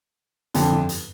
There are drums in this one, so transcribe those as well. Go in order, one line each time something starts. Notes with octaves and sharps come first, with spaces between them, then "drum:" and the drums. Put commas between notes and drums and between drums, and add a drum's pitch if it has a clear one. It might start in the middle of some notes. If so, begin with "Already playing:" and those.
F2 D3 F3, drum: hi-hat
drum: tom
drum: hi-hat